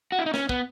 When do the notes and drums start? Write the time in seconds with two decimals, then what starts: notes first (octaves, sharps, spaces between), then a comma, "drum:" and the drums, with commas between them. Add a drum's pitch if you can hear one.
0.12 F#4
0.19 E4
0.26 D#4
0.34 C#4, drum: snare
0.49 B3, drum: kick